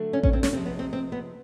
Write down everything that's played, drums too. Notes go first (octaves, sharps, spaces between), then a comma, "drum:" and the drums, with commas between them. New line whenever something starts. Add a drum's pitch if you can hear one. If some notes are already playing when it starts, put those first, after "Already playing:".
Already playing: D3 F#3 A3 D4
C#4
C#4, drum: kick A1
C4
C#4, drum: snare
C3 F3 G#3 C4
B3
C4
C4
B3